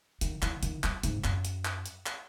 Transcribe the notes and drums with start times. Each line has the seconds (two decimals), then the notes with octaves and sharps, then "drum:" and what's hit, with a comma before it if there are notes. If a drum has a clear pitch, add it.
0.21 D#3, drum: hi-hat
0.42 E3, drum: clap
0.63 D#3, drum: hi-hat
0.84 F#3, drum: clap
1.03 G#2, drum: hi-hat
1.24 F#2, drum: clap
1.45 drum: hi-hat
1.65 drum: clap
1.86 drum: hi-hat
2.06 drum: clap